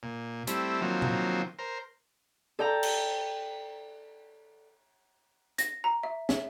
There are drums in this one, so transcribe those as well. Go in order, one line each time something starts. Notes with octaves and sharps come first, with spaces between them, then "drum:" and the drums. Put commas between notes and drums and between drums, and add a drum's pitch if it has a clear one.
A#2
G3 A3 C4 E4, drum: hi-hat
D#3 F3 F#3 A#3 C4
drum: tom
A#4 C5
A4 D5 G5 A#5
drum: cymbal
A#6, drum: hi-hat
A#5
E5
E5, drum: snare